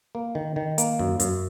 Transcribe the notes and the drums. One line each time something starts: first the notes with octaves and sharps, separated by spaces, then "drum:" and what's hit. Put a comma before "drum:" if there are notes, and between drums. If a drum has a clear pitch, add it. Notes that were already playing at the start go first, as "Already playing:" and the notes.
A#3
D#3
D#3
A#3, drum: hi-hat
F#2
F#2, drum: hi-hat